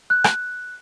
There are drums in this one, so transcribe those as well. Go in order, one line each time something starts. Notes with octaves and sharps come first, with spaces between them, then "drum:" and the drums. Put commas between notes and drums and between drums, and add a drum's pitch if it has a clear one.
F#6
drum: rim click